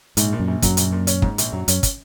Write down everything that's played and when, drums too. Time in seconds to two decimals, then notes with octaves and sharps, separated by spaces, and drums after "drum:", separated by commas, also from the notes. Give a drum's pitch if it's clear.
0.17 A#1 G#2, drum: hi-hat
0.33 A#2
0.40 F#2
0.48 A#1
0.62 F#2 F#3, drum: kick, hi-hat
0.77 A#1, drum: hi-hat
0.92 A#2
1.07 C#4, drum: hi-hat
1.22 G#2, drum: kick
1.38 A#1, drum: hi-hat
1.53 F#2 F#3
1.68 F#2 C#4, drum: hi-hat
1.83 drum: kick, hi-hat